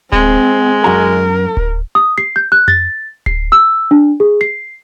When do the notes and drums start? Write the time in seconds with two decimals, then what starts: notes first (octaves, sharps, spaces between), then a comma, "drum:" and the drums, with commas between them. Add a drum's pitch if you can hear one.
0.12 G#3 C4, drum: kick D1
0.84 F#2 F#4 A#4 A#5
1.57 drum: kick D1
1.95 D#6
2.18 C7
2.36 G6
2.52 F#6
2.68 A6, drum: tom F2
3.26 C7, drum: kick D1
3.52 E6
3.91 D4
4.20 G#4
4.41 C7